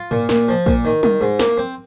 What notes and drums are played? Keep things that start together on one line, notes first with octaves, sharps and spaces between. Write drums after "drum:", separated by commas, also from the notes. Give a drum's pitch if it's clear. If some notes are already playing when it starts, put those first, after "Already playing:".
Already playing: F4
A#2, drum: tom G2
A#2, drum: snare
F3
A#2, drum: kick
D#3
D#3, drum: tom
G#2
A#3, drum: snare
C4